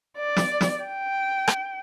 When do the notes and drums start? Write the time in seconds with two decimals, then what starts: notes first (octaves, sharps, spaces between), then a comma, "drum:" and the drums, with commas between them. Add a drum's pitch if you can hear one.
0.18 D5
0.36 drum: snare
0.61 drum: snare
0.85 G5
1.48 drum: rim click